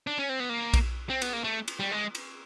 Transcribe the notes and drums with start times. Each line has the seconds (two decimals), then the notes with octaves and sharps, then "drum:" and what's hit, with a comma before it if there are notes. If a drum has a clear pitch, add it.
0.07 D4
0.18 C#4
0.29 C4
0.40 B3
0.49 A#3
0.74 drum: kick A#1, cymbal
1.10 C4
1.22 B3, drum: cymbal
1.33 A#3
1.44 A3
1.68 drum: cymbal
1.80 G3
1.91 G#3
2.15 drum: cymbal